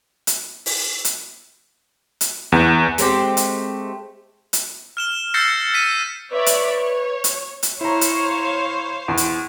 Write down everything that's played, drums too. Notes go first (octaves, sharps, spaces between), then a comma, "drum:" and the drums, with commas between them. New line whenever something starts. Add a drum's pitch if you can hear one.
drum: hi-hat
drum: open hi-hat
drum: hi-hat
drum: hi-hat
E2
G#3 A3 C4 G4, drum: hi-hat
drum: hi-hat
drum: hi-hat
F6 E7 G7
E6 G6 A6 A#6 C7 C#7
A#6 B6 D#7
B4 C#5 D5 E5
drum: hi-hat
C#5
drum: hi-hat
drum: hi-hat
E4 C5 C#5 F5 A#5
drum: hi-hat
E2
drum: hi-hat